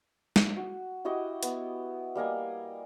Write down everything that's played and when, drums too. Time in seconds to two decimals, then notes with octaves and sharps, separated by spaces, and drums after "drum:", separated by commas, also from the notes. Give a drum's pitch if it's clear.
0.36 drum: snare
0.56 F#4
1.05 E4 F#4 G4 D#5
1.43 B3, drum: hi-hat
2.15 G3 A#3 D#5 G#5